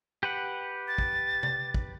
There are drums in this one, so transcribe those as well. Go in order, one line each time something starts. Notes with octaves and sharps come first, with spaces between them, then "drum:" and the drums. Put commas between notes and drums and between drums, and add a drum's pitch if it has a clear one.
G4 B4 F#5
A6
drum: kick
drum: tom C3
drum: kick